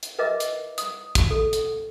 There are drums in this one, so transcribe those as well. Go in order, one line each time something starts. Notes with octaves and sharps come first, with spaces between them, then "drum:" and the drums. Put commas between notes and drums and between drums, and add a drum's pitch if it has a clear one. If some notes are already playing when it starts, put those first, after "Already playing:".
drum: hi-hat
A#4 B4 D#5 E5 D6
drum: hi-hat
D#6, drum: hi-hat
drum: kick, hi-hat
A4
drum: hi-hat